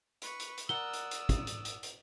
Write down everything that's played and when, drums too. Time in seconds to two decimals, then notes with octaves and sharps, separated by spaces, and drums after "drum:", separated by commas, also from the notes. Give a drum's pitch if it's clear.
0.22 B4 C#6, drum: hi-hat
0.40 drum: hi-hat
0.57 drum: hi-hat
0.69 A#4 D5 F#5 D#6 E6 G7
0.93 drum: hi-hat
1.11 drum: hi-hat
1.29 drum: kick, hi-hat
1.47 drum: hi-hat
1.65 drum: hi-hat
1.83 drum: hi-hat